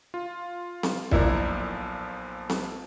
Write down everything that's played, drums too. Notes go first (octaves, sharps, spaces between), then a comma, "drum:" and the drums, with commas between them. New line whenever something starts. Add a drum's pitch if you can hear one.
F4
drum: snare C4
B1 A#2 F3 D4 E4 A#4, drum: kick
drum: snare C4